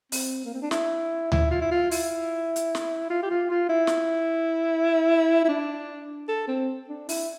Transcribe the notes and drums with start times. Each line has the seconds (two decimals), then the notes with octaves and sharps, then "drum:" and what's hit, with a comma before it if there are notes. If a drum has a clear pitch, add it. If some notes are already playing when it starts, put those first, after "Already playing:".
0.12 C4, drum: open hi-hat
0.45 A#3
0.54 C4
0.62 D4
0.71 E4, drum: snare
1.32 E4, drum: tom D2
1.51 F4
1.62 E4
1.71 F4
1.91 E4, drum: open hi-hat
2.56 drum: hi-hat
2.75 drum: snare
3.10 F4
3.22 G4
3.30 F4
3.51 F4
3.69 E4
3.87 drum: snare
5.45 E4
5.49 D4
6.29 A4
6.48 C4
6.89 D4
7.09 E4, drum: open hi-hat